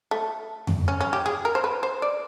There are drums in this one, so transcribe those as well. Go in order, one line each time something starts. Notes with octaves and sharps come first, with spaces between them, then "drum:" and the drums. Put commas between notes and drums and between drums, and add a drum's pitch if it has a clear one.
A3
drum: tom F2
C#4
C#4
G4
G#4
A#4
C5
B4
C5
D5